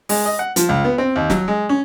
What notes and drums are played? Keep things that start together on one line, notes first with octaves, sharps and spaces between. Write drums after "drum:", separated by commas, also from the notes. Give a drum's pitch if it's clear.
G#3, drum: open hi-hat
D#5
F#5
F3, drum: hi-hat
C#2
B3
C4
D#2
F#3, drum: snare
G#3
C#4